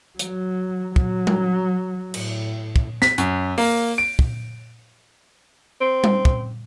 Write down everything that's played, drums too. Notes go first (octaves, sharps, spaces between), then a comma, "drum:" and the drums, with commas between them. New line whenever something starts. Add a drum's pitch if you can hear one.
F#3, drum: hi-hat
F#3, drum: kick
drum: tom G3
A2, drum: cymbal
drum: kick
B6, drum: snare
F#2, drum: hi-hat
A#3, drum: open hi-hat
D7
drum: kick
C4
drum: tom G3
drum: kick